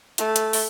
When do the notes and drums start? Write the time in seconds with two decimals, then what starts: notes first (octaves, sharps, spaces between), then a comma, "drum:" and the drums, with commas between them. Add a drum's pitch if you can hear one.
0.18 A3, drum: hi-hat
0.36 drum: hi-hat
0.53 drum: open hi-hat